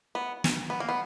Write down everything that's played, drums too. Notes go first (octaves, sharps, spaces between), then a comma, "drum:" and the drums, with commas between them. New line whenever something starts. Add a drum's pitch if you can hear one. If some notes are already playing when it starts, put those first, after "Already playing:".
B3
drum: snare
B3
A#3
B3